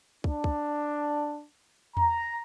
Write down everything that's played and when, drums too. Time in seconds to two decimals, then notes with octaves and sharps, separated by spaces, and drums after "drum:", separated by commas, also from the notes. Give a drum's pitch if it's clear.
0.24 D4, drum: kick
0.44 drum: kick
1.97 A#5, drum: tom E2